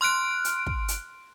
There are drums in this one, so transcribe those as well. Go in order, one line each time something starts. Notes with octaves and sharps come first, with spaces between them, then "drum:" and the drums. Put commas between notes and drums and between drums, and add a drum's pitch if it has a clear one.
C6 F6 F#6 D7
drum: hi-hat
drum: kick
drum: hi-hat